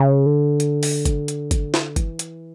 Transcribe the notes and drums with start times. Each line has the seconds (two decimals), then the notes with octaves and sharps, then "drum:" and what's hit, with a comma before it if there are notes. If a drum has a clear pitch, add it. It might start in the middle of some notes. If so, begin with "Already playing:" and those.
Already playing: C#3
0.26 D3
0.60 drum: hi-hat
0.83 drum: open hi-hat
1.05 drum: kick, hi-hat
1.28 drum: hi-hat
1.51 drum: kick, hi-hat
1.74 drum: snare
1.96 E3, drum: kick, hi-hat
2.19 drum: hi-hat